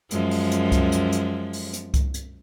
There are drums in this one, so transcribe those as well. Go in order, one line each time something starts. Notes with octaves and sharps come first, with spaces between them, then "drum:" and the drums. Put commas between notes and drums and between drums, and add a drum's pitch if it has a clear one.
F#2 F3 G#3, drum: hi-hat
drum: open hi-hat
drum: hi-hat
drum: kick C2, hi-hat
drum: hi-hat
drum: hi-hat
drum: open hi-hat
drum: hi-hat
drum: kick C2, hi-hat
drum: hi-hat